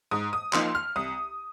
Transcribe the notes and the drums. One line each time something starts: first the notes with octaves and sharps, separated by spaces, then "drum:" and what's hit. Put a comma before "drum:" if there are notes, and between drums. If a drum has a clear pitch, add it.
G#2 D#6
D#6
F3 A#3 D#4 C6, drum: clap
F6
C2 D#6